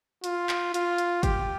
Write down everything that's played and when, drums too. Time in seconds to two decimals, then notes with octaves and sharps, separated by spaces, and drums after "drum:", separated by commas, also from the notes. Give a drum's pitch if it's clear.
0.24 F4, drum: hi-hat
0.49 drum: clap
0.74 F4, drum: hi-hat
0.98 drum: hi-hat
1.23 G4, drum: kick G1, hi-hat